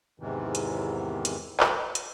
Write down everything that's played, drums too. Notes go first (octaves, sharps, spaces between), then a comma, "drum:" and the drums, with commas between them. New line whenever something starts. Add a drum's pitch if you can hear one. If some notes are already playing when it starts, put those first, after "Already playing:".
E2 G#2 C3 D#3 E3
drum: hi-hat
drum: hi-hat
drum: clap
drum: hi-hat